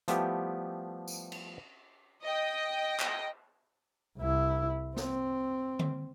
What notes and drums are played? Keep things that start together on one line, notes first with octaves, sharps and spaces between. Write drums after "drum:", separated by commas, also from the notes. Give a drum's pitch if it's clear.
F3 G3 A3 B3 E4 G4, drum: hi-hat
drum: tambourine
drum: cymbal
D#5 G5
drum: clap
C2 E4
C4, drum: snare
drum: tom D3